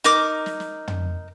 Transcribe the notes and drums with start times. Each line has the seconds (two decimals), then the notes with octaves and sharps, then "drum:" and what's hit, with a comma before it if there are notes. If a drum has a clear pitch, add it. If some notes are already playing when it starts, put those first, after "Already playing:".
0.04 D#4 A#4 D6
0.46 drum: snare
0.60 drum: snare
0.88 drum: tom